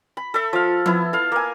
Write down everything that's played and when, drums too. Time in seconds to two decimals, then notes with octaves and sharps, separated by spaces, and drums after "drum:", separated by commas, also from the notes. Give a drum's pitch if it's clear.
0.17 B5
0.34 A4 E5
0.53 F3 F5
0.86 B3 E4, drum: tom F3
1.13 A4 F5
1.32 A#3 G#5